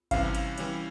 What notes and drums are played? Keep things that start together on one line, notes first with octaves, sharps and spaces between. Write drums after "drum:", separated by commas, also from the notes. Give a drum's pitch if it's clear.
C3 E3 G3 C#4 F5, drum: kick G#1, cymbal
drum: cymbal
E3 G3 C#4, drum: cymbal